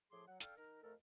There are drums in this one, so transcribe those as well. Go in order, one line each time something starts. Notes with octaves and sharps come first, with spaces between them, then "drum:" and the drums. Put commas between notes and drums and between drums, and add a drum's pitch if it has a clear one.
A2 F3 G#4 C6 D6
F#3 F#5
D4 A4 F5 G5 F6, drum: hi-hat
D#3 D#4 A#4
F2 A3 A4 A#4